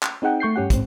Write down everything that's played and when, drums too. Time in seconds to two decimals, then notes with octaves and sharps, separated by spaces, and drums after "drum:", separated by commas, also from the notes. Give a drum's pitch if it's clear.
0.03 drum: clap
0.22 C4 D#4 G#4 F#5 G5
0.40 A3 C#6 G6 C7
0.56 G2 C#4 G4 F#5
0.70 A1 G#2 C4, drum: kick, hi-hat